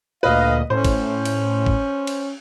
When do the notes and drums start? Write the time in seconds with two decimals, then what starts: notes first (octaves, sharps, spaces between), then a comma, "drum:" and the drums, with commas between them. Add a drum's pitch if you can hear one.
0.23 D2 A#2 B4 D#5 F5
0.70 A2 C#4 C5
0.85 drum: kick, cymbal
1.25 drum: cymbal
1.66 drum: kick
2.07 drum: cymbal